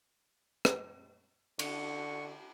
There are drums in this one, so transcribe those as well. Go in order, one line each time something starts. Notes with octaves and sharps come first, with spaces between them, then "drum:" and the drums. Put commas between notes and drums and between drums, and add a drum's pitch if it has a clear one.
drum: rim click
D3 C#6, drum: cymbal